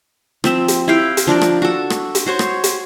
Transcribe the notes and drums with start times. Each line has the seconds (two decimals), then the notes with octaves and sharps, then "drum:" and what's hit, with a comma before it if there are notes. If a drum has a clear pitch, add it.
0.44 F3 C4 E5, drum: rim click
0.68 drum: hi-hat
0.88 E4 G4 F5 G5
1.17 drum: hi-hat
1.27 F3 D4 A#4 D5
1.41 drum: rim click
1.62 F#4 A4
1.90 drum: rim click
2.15 drum: hi-hat
2.26 F#4 C5 C#5 C#6
2.39 drum: rim click
2.64 drum: hi-hat